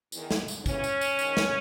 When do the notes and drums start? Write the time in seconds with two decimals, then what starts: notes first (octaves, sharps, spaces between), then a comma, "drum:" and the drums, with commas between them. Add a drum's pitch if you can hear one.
0.12 E2 D#3, drum: tambourine
0.31 drum: snare
0.48 drum: tambourine
0.66 E2 C#3 E3 C#4, drum: kick, tambourine
0.84 drum: tambourine
1.01 drum: tambourine
1.19 G#2 D#3, drum: tambourine
1.37 drum: snare